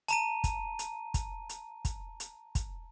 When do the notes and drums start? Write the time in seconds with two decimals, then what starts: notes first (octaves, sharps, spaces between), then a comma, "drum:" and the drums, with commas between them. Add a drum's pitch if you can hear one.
0.08 A5 A#5 D#7, drum: hi-hat
0.44 drum: kick, hi-hat
0.79 drum: hi-hat
1.14 drum: kick, hi-hat
1.49 drum: hi-hat
1.85 drum: kick, hi-hat
2.20 drum: hi-hat
2.55 drum: kick, hi-hat